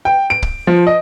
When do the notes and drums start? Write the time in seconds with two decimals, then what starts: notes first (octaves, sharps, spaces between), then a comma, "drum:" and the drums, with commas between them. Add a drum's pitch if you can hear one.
0.05 G5
0.30 D7
0.42 drum: kick
0.67 F3
0.87 D#5